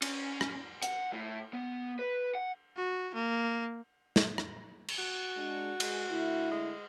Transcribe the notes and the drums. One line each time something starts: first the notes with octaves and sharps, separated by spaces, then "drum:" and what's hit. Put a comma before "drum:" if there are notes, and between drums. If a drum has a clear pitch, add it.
C#4, drum: cymbal
drum: rim click
F#5, drum: hi-hat
A2
B3
B4
F#5
F#4
A#3
drum: snare
drum: rim click
drum: cymbal
F#4
G#3 D4
G#3, drum: cymbal
D3 A3 E4
G#3